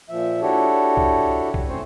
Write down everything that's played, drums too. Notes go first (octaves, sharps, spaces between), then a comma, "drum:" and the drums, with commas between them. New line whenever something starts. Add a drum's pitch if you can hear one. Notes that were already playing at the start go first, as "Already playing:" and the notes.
A#2 F3 E5
D4 E4 F#4 G4 A4 C#5
drum: kick C2
drum: kick C2
A3 C4 C#4 C5 C#5